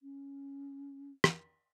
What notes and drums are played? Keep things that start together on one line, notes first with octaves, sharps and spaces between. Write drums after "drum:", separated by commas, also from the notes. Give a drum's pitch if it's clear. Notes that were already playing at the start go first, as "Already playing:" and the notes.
C#4
drum: rim click